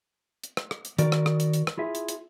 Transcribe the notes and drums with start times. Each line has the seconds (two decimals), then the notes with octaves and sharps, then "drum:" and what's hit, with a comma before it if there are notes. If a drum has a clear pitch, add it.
0.43 drum: hi-hat
0.57 drum: rim click
0.71 drum: rim click
0.85 drum: hi-hat
0.98 D#3 F#4 A#4 D5, drum: hi-hat
1.12 drum: rim click
1.26 drum: rim click
1.40 drum: hi-hat
1.53 drum: hi-hat
1.67 drum: rim click
1.77 E4 F4 G#4 E5
1.95 drum: hi-hat
2.08 drum: hi-hat